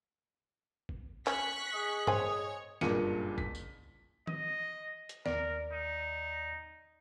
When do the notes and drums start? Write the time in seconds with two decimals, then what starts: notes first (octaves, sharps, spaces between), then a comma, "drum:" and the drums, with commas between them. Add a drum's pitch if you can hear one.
0.89 drum: kick
1.27 C#4 C#6 F#6 B6, drum: clap
1.73 G#4 D#5 D#6
2.07 C5 C#5 G#5, drum: tom G2
2.81 F#1 G2 A#2 A#3 C#7 D#7, drum: snare
3.38 B6, drum: kick
3.55 drum: tambourine
4.27 D#5, drum: tom D#3
5.09 drum: hi-hat
5.26 D#2 A#4 D5, drum: snare
5.72 D#4